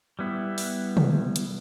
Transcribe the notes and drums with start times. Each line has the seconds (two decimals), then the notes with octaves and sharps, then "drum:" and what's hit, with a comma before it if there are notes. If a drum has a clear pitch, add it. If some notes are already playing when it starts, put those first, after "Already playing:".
0.19 G3 B3 E4
0.58 drum: open hi-hat
0.97 drum: tom
1.36 drum: hi-hat